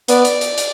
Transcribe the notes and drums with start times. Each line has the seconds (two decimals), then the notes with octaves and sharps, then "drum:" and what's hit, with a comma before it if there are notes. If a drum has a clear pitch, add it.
0.08 B3 D5, drum: hi-hat
0.25 drum: hi-hat
0.41 drum: hi-hat
0.58 drum: hi-hat